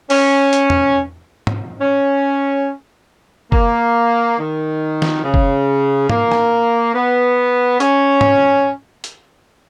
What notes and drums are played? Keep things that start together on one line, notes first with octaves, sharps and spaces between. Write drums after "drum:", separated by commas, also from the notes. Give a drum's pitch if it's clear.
C#4, drum: open hi-hat
drum: hi-hat
drum: tom
drum: tom
C#4
A#3, drum: kick F#1
D#3
drum: snare
C#3
drum: kick F#1
A#3, drum: tom
drum: rim click
B3
C#4, drum: hi-hat
drum: tom
drum: hi-hat